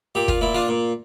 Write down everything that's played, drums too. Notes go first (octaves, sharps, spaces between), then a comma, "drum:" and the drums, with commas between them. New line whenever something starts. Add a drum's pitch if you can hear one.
A#2 G4
F4, drum: kick
A#2 E4
D4 F4
A#2